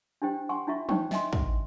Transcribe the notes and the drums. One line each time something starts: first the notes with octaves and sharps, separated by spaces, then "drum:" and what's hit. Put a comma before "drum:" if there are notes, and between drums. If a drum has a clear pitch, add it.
D4 E4 G4 C5 G5
F#5 G#5 C6 C#6
D4 E4 F4 E5 C#6
D#4 C5 C#5 G5 C#6, drum: tom E3
D#5 E5 G#5 C6, drum: snare
drum: kick